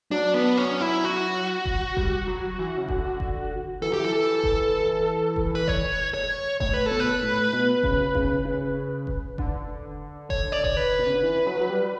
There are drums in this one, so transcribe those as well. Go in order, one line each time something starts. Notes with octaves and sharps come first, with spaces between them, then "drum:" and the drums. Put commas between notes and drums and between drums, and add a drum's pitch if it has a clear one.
F#3 D4
B3
C#4
E4
F#4
drum: kick F1
G3, drum: kick F1
F#3
E3
C#3
D3, drum: kick F1
drum: kick F1
E3 A4
F#3 G4
E3
A4
drum: kick F1
drum: kick F1
B4
C#5, drum: kick F1
C#5
A2 C#5, drum: kick F1
B4
B2 A4
B4
A2
B2
C#3, drum: kick F1
C#3, drum: kick F1
C#3
drum: kick F1
D3, drum: kick F1
C#5, drum: kick F1
D5
C#5, drum: kick F1
B4
B2
C#3
D3
E3
F#3
F#3
G3